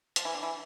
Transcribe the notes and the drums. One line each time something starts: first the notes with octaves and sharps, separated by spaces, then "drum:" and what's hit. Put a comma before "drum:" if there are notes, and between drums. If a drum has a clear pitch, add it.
F3, drum: hi-hat
E3
D3
E3